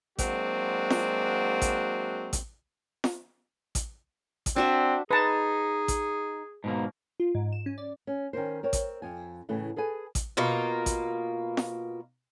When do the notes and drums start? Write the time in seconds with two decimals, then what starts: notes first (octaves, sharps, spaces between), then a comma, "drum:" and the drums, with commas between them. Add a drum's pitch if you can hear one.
0.19 F#3 G#3 A#3 C4 D4 F#4, drum: kick A1, hi-hat
0.90 drum: snare F4
1.62 drum: kick A1, hi-hat
2.33 drum: kick A1, hi-hat
3.04 drum: snare F4
3.75 drum: kick A1, hi-hat
4.46 drum: kick A1, hi-hat
4.56 C4 D4 F#4 E5
5.11 D#4 G#4 B4 A5
5.88 drum: kick A1, hi-hat
6.64 G#2 B2 A#3
7.20 F4
7.35 G#2
7.53 E7
7.66 C#4
7.78 D5
8.07 C#4
8.33 D#3 C#4 A#4 C5
8.63 C4 A#4 C#5
8.73 drum: kick A1, hi-hat
9.02 F2 G#5
9.49 A2 C#3 E3 A3
9.76 G#4 A4 B4 G#5
10.15 drum: kick A1, hi-hat
10.37 B2 A#3 F4
10.86 drum: kick A1, hi-hat
11.57 drum: snare F4